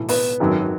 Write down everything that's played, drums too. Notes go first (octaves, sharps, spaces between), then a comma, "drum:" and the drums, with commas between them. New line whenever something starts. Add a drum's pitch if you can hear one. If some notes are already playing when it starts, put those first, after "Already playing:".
Already playing: B1 A2 E3
B3, drum: open hi-hat
G#1 F#2 D#3 F#3